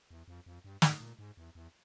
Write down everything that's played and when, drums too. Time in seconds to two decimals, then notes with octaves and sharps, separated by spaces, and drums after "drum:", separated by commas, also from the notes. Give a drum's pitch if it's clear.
0.11 E2
0.28 F2
0.46 F2
0.64 G2
0.82 G#2, drum: snare
1.00 A#2
1.19 G#2
1.37 E2
1.55 E2